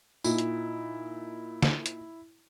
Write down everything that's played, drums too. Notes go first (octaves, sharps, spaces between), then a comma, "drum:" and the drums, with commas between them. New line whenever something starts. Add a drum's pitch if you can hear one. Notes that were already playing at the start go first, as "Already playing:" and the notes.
A#2 D#4 E4, drum: tambourine
drum: hi-hat
drum: snare
drum: hi-hat